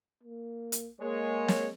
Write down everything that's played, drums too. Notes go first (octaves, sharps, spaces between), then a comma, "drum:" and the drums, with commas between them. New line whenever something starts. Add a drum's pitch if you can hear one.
A#3
drum: hi-hat
G#3 A#3 C#5
drum: snare